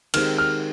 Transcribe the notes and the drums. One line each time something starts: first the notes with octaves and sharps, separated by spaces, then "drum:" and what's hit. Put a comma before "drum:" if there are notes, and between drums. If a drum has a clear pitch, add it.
D#3 G#3 C4 G4 F6, drum: cymbal
F6